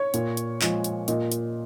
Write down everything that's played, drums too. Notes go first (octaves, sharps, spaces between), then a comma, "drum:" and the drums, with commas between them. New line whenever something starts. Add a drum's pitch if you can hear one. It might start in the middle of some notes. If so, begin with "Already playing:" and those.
Already playing: C#5
A#2, drum: hi-hat
drum: hi-hat
F3 G#3, drum: clap
drum: hi-hat
A#2 D#5, drum: hi-hat
drum: hi-hat